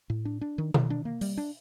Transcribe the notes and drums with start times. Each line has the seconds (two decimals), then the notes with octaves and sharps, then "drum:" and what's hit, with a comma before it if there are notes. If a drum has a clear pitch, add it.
0.10 A2
0.25 D4
0.41 D4
0.58 D#3
0.74 D#3, drum: tom B2
0.90 D4
1.05 A#3
1.21 G3, drum: open hi-hat
1.37 D4